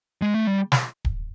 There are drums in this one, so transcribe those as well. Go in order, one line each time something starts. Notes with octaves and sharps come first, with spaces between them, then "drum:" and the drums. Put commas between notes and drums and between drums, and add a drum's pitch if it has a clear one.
G#3
A3
G3
drum: snare
drum: kick D1